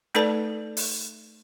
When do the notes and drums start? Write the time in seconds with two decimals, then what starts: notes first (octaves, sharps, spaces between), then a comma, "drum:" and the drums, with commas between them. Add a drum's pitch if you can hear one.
0.14 A3 D#4 A4 B4 D5 A5, drum: snare
0.77 drum: open hi-hat